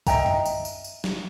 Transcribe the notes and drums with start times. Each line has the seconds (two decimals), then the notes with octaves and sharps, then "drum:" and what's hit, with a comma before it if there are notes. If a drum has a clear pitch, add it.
0.07 D#5 E5 G5 A#5, drum: kick, tambourine
0.26 drum: tom
0.45 drum: tambourine
0.65 drum: tambourine
0.84 drum: tambourine
1.04 drum: snare